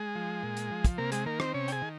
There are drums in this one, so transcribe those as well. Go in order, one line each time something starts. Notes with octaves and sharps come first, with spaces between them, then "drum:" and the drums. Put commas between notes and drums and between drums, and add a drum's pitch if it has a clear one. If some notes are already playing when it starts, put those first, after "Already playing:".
Already playing: G#3 G#4
F3
A#2
drum: hi-hat
F3
drum: kick, hi-hat
C3 A#3 A#4
G#3 G#4, drum: hi-hat
D#3 A#3 A#4
C4 C5, drum: rim click
C3 C#4 C#5
G5, drum: hi-hat
G#4 G#5
D#3